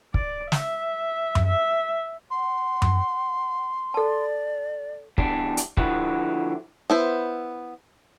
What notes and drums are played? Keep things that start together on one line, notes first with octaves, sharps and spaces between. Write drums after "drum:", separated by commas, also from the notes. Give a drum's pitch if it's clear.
D5, drum: kick
E5, drum: snare
drum: tom F#2
E5
F#5 C6
drum: tom F#2
A4 D5 A5
E2 G3 D4, drum: kick
drum: hi-hat
D3 F3 E4 F#4 G4 B4, drum: kick
B3 E4 C5